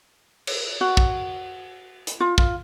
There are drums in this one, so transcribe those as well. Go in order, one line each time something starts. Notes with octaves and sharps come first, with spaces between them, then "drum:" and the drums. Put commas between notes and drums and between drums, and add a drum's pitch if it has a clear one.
drum: cymbal
F#4
drum: kick
drum: hi-hat
F4
F4, drum: kick